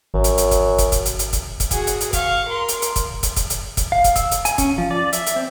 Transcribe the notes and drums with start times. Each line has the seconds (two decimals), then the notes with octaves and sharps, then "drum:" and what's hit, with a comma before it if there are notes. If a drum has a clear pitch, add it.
0.14 G#1 F#2
0.24 drum: hi-hat
0.38 drum: hi-hat
0.51 drum: kick, hi-hat
0.78 drum: kick, hi-hat
0.92 drum: kick, hi-hat
1.06 drum: hi-hat
1.19 drum: hi-hat
1.33 drum: kick, hi-hat
1.60 drum: kick, hi-hat
1.71 F#4 G#4, drum: kick, hi-hat
1.87 drum: hi-hat
2.01 drum: hi-hat
2.13 F5 C#6, drum: kick, hi-hat
2.48 A#4 C6
2.69 drum: hi-hat
2.82 drum: hi-hat
2.96 drum: kick, hi-hat
3.23 drum: kick, hi-hat
3.36 drum: kick, hi-hat
3.50 drum: hi-hat
3.77 drum: kick, hi-hat
3.92 F5
4.04 drum: kick, hi-hat
4.16 E6, drum: kick, hi-hat
4.32 drum: hi-hat
4.45 G#5, drum: hi-hat
4.58 C#4, drum: kick, hi-hat
4.78 F3
4.91 D5
5.13 E5, drum: hi-hat
5.27 drum: hi-hat
5.36 C4